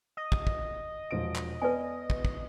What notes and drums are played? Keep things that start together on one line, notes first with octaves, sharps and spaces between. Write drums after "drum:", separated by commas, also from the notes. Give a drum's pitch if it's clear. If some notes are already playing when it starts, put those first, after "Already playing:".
D#5
drum: kick
drum: kick
E1 F3 D7
drum: clap
B3 B4 D5 G#5
drum: kick
drum: kick